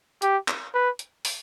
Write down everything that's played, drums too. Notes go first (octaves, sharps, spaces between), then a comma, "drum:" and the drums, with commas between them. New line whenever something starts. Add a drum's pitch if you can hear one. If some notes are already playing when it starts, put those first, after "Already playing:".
G4, drum: hi-hat
drum: clap
B4
drum: hi-hat
drum: open hi-hat